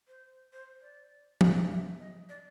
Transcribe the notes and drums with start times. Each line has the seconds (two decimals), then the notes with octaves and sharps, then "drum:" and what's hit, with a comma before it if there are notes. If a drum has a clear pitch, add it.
0.08 C5
0.53 C5
0.81 D5
1.41 D#5, drum: tom F3
1.56 E5
1.70 E5
2.00 D#5
2.29 D5